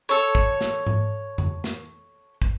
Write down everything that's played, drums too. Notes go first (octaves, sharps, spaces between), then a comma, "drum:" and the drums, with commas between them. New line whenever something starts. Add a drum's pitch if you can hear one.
A4 C#5
drum: kick
drum: snare
drum: tom G#2
drum: tom F2
drum: snare
drum: kick